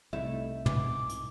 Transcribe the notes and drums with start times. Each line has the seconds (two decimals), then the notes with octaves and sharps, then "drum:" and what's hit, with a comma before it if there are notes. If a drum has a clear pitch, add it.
0.13 C2 A3 D#4 E4 E5
0.66 G#2 B3 D6, drum: tom
1.10 drum: hi-hat